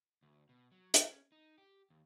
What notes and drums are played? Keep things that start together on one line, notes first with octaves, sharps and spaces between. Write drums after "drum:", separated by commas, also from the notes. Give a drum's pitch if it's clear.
D2
B2
F#3
C#4, drum: hi-hat
D#4
G4
D#2